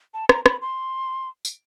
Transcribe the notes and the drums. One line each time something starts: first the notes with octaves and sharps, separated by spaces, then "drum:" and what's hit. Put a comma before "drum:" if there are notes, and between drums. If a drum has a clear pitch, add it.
A5
A#5, drum: rim click
B5, drum: rim click
C6
drum: tambourine